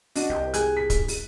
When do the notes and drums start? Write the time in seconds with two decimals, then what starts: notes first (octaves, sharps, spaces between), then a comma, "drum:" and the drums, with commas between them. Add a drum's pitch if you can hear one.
0.15 D4 F#4 D#5, drum: open hi-hat
0.30 C2 G4
0.54 G#4 G#5 F#6, drum: hi-hat
0.77 B6
0.90 drum: kick, hi-hat
1.08 drum: open hi-hat